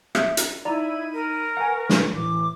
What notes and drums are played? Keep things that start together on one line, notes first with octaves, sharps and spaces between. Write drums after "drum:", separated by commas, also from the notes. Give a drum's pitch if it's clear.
E5 G6, drum: rim click
drum: hi-hat
D#4 E4 D5 A#5 B5 D#7
A#4
B4 F#5 G#5 C#6
drum: snare
A2 E3 D6